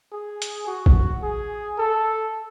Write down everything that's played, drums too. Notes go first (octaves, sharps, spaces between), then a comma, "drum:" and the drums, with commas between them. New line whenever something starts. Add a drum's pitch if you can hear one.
G#4
drum: hi-hat
F#4
drum: kick A1
G#4
A4